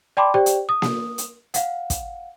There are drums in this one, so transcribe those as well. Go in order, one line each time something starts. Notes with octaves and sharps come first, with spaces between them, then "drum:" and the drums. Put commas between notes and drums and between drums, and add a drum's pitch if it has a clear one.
D5 G5 A5 B5 C6 D6
G4 C5 D5 G5
drum: hi-hat
D#6
drum: snare A#3
drum: hi-hat
F5 F#5, drum: hi-hat
drum: kick, hi-hat